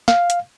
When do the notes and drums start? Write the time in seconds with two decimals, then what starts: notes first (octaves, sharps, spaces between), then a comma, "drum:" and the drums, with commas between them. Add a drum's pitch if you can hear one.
0.08 F5, drum: snare
0.30 drum: hi-hat